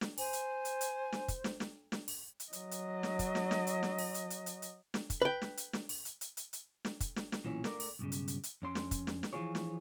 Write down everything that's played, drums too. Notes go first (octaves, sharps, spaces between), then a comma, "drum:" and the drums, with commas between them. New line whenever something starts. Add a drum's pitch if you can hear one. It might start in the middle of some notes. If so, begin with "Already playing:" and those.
drum: snare
C5 G#5, drum: open hi-hat
drum: hi-hat
drum: hi-hat
drum: hi-hat
drum: snare
drum: kick, hi-hat
drum: snare
drum: snare
drum: snare
drum: open hi-hat
drum: hi-hat
F#3 D#5, drum: hi-hat
drum: hi-hat
drum: snare
drum: kick, hi-hat
drum: snare
drum: snare
drum: hi-hat
drum: snare
drum: open hi-hat
drum: hi-hat
drum: hi-hat
drum: hi-hat
drum: hi-hat
drum: snare
drum: kick, hi-hat
B4 G5
drum: snare
drum: hi-hat
drum: snare
drum: open hi-hat
drum: hi-hat
drum: hi-hat
drum: hi-hat
drum: hi-hat
drum: snare
drum: kick, hi-hat
drum: snare
drum: snare
B1 A#2 E3 C#4
A3 A#4 D5, drum: snare
drum: open hi-hat
B1 G2 C#3
drum: hi-hat
drum: hi-hat
drum: hi-hat
F2 C#4 C6
drum: snare
drum: kick, hi-hat
drum: snare
drum: snare
E3 F3 C4 F4 G#4 C#5
drum: snare